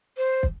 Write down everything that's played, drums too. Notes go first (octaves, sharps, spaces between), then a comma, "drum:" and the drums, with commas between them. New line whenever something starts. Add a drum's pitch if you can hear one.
C5
drum: kick